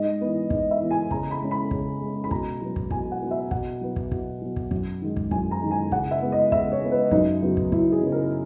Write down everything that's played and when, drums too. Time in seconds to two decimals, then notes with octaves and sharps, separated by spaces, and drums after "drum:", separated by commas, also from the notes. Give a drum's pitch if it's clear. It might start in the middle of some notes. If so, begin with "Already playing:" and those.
Already playing: G#2 D#5
0.21 E3 B3
0.50 G#2, drum: kick
0.71 E5
0.80 E3 B3
0.91 G#5
1.11 C#3 A#5, drum: kick
1.31 B5
1.41 G#3 C#4
1.51 B5
1.71 C#3, drum: kick
2.01 G#3 C#4
2.24 B5
2.31 B2 A#5, drum: kick
2.62 F#3 B3
2.76 drum: kick
2.91 B2 G#5, drum: kick
3.12 F#5
3.21 F#3 B3
3.31 E5
3.51 B2 F#5, drum: kick
3.81 F#3 B3
3.96 drum: kick
4.12 B2, drum: kick
4.42 F#3 B3
4.56 drum: kick
4.71 F#2, drum: kick
5.02 D#3 G#3
5.16 drum: kick
5.31 F#2 G#5, drum: kick
5.51 A#5
5.61 D#3 G#3
5.71 G#5
5.92 C#3 F#5, drum: kick
6.11 E5
6.22 G#3 B3
6.32 D#5
6.52 C#3 E5, drum: kick
6.72 C#5
6.82 G#3 B3
6.92 B4
7.11 F#2 D#4, drum: kick
7.42 C#3 F#3 B3
7.57 drum: kick
7.72 F#2 E4, drum: kick
7.92 G#4
8.02 C#3 F#3 B3
8.12 A#4